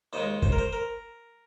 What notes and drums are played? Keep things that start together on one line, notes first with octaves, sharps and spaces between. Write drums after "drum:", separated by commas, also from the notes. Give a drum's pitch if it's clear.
D#2 C#3 G#3 C5
C5, drum: kick
A#4
C5
A#4